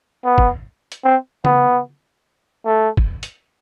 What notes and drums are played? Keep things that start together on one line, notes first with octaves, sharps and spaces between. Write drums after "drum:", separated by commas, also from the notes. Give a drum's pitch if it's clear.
B3
drum: kick
drum: hi-hat
C4
B3, drum: tom C#3
A3
drum: kick
drum: hi-hat